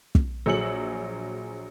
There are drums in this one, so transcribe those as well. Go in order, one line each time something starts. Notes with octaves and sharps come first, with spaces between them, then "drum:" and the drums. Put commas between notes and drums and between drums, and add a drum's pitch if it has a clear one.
drum: kick
A#1 F#3 G#4 E6 C#7 F#7